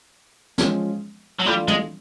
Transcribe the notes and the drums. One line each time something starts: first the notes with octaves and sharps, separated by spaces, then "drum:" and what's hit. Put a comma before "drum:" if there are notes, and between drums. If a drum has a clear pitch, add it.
F3 G#3 C#4, drum: snare
F#3
E3 G3 A3 D4 F4
G#3, drum: tom